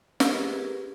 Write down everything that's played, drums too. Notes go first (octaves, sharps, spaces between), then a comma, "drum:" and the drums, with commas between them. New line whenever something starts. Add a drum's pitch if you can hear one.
E4 G4 G#4 A#4 B4, drum: snare